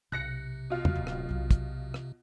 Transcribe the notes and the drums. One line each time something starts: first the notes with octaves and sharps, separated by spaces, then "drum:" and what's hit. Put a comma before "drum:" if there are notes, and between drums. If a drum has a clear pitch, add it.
B1 C3 F#6 A#6 C#7
B2 F4
drum: tom E2
D1
drum: rim click
B1 F#3
drum: kick, hi-hat
drum: rim click